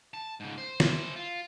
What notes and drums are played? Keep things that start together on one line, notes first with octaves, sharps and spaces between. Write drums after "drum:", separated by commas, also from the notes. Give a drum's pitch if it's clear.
A5
G#2 C#3
C5
E4 C5, drum: snare
F4